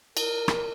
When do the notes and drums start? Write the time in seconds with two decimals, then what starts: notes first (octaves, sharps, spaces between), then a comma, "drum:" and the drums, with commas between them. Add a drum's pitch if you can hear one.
0.17 A#4, drum: cymbal
0.48 drum: rim click